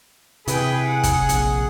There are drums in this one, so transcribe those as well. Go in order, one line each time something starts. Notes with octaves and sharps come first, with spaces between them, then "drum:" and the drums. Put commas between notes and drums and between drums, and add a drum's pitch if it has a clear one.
C3 E3 G#4 B4 G5, drum: hi-hat
F#5
drum: kick, hi-hat
A#1, drum: hi-hat